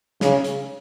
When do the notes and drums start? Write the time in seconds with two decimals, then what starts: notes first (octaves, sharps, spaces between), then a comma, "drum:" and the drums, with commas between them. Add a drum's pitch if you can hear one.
0.21 C#3, drum: snare
0.44 drum: hi-hat